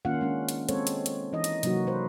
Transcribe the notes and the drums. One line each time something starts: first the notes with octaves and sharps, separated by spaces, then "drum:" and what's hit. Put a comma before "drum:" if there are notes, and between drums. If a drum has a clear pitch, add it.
D#3 A#3 C#4 F4 F5 F#5
G#3 C#4 D4
drum: hi-hat
G#3 C4 A4 C5 C#5, drum: hi-hat
drum: hi-hat
drum: hi-hat
E3 D#4 D#5
drum: hi-hat
C3 F#3 A#3 D#4 F#4, drum: hi-hat
B4 C5